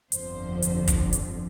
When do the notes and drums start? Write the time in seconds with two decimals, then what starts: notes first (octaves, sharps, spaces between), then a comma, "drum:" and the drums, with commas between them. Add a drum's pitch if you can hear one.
0.12 G1 F2 D3 F3 C5, drum: hi-hat
0.62 drum: hi-hat
0.87 drum: kick, hi-hat
1.13 drum: hi-hat